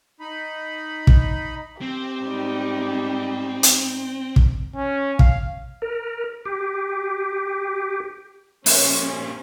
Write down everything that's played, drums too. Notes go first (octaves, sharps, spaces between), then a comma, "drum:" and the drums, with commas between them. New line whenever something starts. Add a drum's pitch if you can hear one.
D#4 B5
drum: kick
C4 G4
G#2 G3 D#4
drum: hi-hat
drum: kick
C#4
F5, drum: kick
A#4
G4
A#3 C#4 G4 C5, drum: open hi-hat